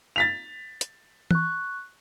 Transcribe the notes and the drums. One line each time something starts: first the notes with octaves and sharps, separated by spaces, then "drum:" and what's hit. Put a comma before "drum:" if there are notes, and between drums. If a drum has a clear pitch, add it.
A6 B6 F7
drum: hi-hat
C#6 F#6, drum: tom E3